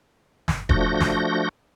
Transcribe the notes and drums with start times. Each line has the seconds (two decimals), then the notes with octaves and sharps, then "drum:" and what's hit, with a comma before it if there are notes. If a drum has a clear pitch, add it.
0.48 drum: snare
0.69 F3 A3 D4 F#4 G6 A#6, drum: kick E1
1.00 drum: snare